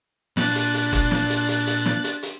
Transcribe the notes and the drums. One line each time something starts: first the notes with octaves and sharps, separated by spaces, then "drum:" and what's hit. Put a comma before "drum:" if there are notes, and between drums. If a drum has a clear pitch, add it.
A#2 D4 F#6 A6, drum: snare
drum: hi-hat
drum: hi-hat
drum: kick F1, hi-hat
drum: snare
drum: hi-hat
drum: hi-hat
drum: hi-hat
drum: snare
drum: hi-hat
drum: hi-hat